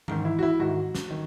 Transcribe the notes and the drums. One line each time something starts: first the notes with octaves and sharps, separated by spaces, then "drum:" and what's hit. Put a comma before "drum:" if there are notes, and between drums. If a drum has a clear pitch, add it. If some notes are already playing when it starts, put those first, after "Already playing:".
G#2 D#3, drum: tom E3
E4
F#4
E4
G#2 D#3 F#4
drum: snare
D#3